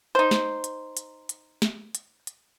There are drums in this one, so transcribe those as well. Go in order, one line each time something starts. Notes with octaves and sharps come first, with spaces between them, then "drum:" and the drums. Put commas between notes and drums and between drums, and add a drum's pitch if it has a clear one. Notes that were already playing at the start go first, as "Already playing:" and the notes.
D#4 C5
drum: snare
drum: hi-hat
drum: hi-hat
drum: hi-hat
drum: snare
drum: hi-hat
drum: hi-hat